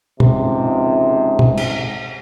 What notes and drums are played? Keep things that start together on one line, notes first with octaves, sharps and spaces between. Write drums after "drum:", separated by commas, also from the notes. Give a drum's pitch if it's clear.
C#2 G#2 C3 F3, drum: tom
drum: tom
drum: cymbal